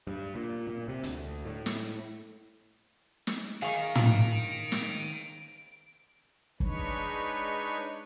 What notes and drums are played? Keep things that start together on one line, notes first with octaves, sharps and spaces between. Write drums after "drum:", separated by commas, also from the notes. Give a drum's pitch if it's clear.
G2
A#2
A#2
C3
D2, drum: hi-hat
A2
drum: snare
drum: snare
D#3 D#4 F4 G#4 F5 C#6 D7, drum: hi-hat
drum: tom
drum: snare
G#3 D4 D#4 B4 C#5, drum: kick